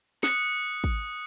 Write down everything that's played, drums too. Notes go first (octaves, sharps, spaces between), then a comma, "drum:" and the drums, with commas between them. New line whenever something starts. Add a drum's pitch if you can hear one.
D#6 F#6 C#7, drum: snare
drum: kick